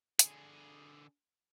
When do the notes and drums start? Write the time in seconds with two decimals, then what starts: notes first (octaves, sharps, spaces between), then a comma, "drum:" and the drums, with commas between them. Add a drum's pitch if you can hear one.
0.19 D3 G#4, drum: hi-hat